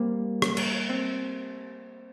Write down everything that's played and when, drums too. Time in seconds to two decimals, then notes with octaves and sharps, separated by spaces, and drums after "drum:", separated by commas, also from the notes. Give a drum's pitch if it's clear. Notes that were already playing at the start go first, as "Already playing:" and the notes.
Already playing: G3 A#3 C4
0.42 drum: rim click
0.57 drum: cymbal
0.89 C4